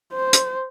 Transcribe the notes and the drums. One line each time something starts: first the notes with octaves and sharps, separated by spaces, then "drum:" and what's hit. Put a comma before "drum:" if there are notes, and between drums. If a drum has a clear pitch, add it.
C5
drum: hi-hat